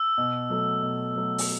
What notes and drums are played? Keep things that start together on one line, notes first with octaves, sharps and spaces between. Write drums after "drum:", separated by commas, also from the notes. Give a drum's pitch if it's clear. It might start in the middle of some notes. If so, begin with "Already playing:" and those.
Already playing: E6
B2
F#3 A3
B2
F#3 A3
drum: open hi-hat